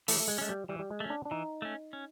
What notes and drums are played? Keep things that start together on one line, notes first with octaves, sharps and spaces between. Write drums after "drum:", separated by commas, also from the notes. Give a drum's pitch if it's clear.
E3 A3, drum: open hi-hat
A3
G#3
G#3 A3 C#4
G3
E3 G3
G3
G#3
A3 C#4
D4
D4
E3 D#4
A3 C#4
C#4